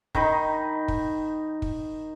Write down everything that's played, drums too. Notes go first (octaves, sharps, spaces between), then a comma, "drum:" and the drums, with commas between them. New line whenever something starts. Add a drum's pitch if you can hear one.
D#3 D#4 D#5 B5, drum: kick
drum: kick
drum: kick